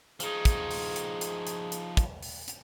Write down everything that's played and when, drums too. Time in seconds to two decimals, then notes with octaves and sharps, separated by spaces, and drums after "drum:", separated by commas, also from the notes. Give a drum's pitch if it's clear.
0.20 F3 D#4 G#4, drum: hi-hat
0.45 drum: kick, hi-hat
0.71 drum: open hi-hat
0.96 drum: hi-hat
1.21 drum: hi-hat
1.47 drum: hi-hat
1.72 drum: hi-hat
1.97 drum: kick, hi-hat
2.23 drum: open hi-hat
2.48 drum: hi-hat